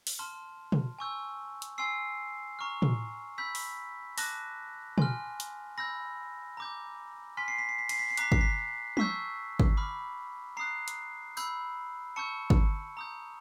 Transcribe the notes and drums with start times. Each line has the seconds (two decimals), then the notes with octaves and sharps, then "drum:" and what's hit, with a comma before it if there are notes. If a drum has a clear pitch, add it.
0.07 drum: open hi-hat
0.19 A5 C6 F6
0.72 drum: tom
0.99 G#5 C#6 E6 G6
1.62 drum: hi-hat
1.78 G#5 C6 E6 C7
2.59 A#5 C#6 F6
2.82 drum: tom
3.38 B5 E6 G6 B6
3.55 drum: open hi-hat
4.18 A5 D6 F#6 A#6, drum: open hi-hat
4.98 G#5 C6 F6, drum: tom
5.40 drum: hi-hat
5.78 B5 E6 G6 A#6
6.57 A#5 D6 G6
7.37 G#5 C6 F6 B6
7.48 C7
7.59 B6
7.69 C7
7.79 B6
7.89 C7, drum: cymbal
7.99 B6
8.10 C7
8.17 A#5 D6 F#6 B6, drum: hi-hat
8.32 C7, drum: kick
8.41 B6
8.97 A5 C#6 E6 G6 B6, drum: tom
9.60 drum: kick
9.77 B5 D6 F6
10.57 A#5 D#6 F#6 C7
10.88 drum: hi-hat
11.37 B5 E6 G6, drum: tambourine
12.16 A5 C#6 E6 G6 C#7
12.50 drum: kick
12.97 A#5 D#6 G6